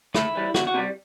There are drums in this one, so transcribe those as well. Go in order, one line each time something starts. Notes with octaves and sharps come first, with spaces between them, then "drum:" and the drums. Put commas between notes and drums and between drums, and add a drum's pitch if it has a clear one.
A2 E4, drum: rim click
E3 G3
E2 F#4, drum: rim click
F#4
C3 G3